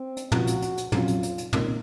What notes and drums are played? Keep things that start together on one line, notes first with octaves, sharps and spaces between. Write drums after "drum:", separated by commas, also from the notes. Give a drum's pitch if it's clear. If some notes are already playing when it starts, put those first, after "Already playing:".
Already playing: C4
drum: hi-hat
C#2 C3 F3 F#4, drum: tom
drum: hi-hat
drum: hi-hat
drum: hi-hat
F2 C3 F#3 C#4 F4, drum: tom
drum: hi-hat
drum: hi-hat
drum: hi-hat
C#2 C3 D#3 A#3 D#4, drum: tom